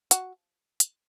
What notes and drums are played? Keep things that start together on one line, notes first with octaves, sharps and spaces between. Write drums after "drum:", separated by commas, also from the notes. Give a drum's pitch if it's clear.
F#4, drum: hi-hat
drum: hi-hat